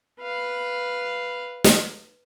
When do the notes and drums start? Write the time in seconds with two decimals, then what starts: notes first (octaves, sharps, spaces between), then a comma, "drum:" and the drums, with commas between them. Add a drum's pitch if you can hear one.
0.21 B4 F5
1.64 drum: snare